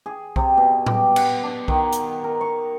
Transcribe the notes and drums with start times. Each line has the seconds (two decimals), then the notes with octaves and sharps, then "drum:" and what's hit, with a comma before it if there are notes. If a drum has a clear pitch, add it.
0.06 G#4
0.36 C3, drum: kick B1
0.57 B2
0.86 G4, drum: tom A2
1.16 F#5, drum: cymbal
1.43 D4
1.68 D#3, drum: kick B1
1.93 drum: hi-hat
2.24 A#4
2.41 C#6